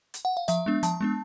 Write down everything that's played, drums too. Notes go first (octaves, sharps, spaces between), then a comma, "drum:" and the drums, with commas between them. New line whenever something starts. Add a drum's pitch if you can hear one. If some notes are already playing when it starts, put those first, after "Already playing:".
drum: hi-hat
F#5
F5
F3 E5, drum: hi-hat
G#3 B3 D4
F3 A5, drum: hi-hat
G#3 B3 D4